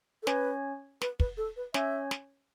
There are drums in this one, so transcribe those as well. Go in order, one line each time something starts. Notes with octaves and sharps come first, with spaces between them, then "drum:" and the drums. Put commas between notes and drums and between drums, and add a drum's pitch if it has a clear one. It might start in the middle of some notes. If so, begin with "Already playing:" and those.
A4
C#4 B4 C#5, drum: snare
B4, drum: snare
B4, drum: kick
A4
B4
C#4 C#5 E5, drum: snare
drum: snare